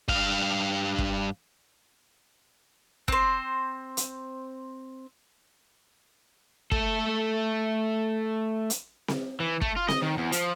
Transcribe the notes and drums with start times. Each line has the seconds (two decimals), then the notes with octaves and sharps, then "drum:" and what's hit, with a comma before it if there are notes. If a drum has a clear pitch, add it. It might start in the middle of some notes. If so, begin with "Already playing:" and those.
0.08 G2 F5, drum: kick
0.98 drum: kick
3.08 C4 C5, drum: kick
3.97 drum: hi-hat
6.72 A3 A4, drum: kick
8.70 drum: hi-hat
9.08 drum: snare C4
9.40 E3
9.61 A3, drum: kick
9.76 F4
9.88 D#5, drum: snare C4
10.03 D#3
10.18 E2
10.32 F3, drum: hi-hat